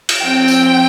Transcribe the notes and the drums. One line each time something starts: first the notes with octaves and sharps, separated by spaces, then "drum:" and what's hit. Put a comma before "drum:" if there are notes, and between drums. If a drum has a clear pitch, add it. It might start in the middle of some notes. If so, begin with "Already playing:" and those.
drum: cymbal
F3 C4 G5
drum: tambourine